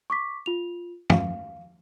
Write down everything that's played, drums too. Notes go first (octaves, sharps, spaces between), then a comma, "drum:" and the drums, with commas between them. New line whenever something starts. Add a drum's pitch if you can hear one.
C#6 D6 B6
F4 F7
F5, drum: tom